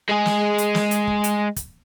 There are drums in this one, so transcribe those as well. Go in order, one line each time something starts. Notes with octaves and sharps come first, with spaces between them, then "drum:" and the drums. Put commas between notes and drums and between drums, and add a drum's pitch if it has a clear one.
G#3 G#4
drum: snare
drum: hi-hat
drum: snare
drum: hi-hat
drum: kick
drum: hi-hat
drum: kick, hi-hat